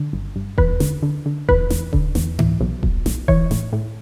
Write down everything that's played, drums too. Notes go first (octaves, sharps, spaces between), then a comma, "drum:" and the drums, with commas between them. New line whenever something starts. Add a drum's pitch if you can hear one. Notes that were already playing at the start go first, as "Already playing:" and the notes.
Already playing: D3
G1
G2
E2 B4, drum: kick D#1
D3, drum: snare
D3
D3
E2 B4, drum: kick D#1
E2, drum: snare
D3, drum: kick D#1
E2, drum: snare
E3, drum: tom G#2
B1
B1, drum: kick D#1
B1, drum: snare
E3 C#5, drum: kick D#1
A2, drum: snare
A2